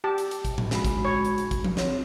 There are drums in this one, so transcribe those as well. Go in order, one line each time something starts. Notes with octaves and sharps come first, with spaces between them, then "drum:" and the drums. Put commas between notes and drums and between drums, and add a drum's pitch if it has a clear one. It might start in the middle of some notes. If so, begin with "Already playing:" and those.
G4 A5
drum: hi-hat
drum: hi-hat
drum: kick G#1, hi-hat
drum: tom A2
G#3 F#4 B5, drum: snare
drum: kick G#1, hi-hat
C#5
drum: hi-hat
drum: hi-hat
drum: kick G#1, hi-hat
drum: tom F3
C4 C#5, drum: snare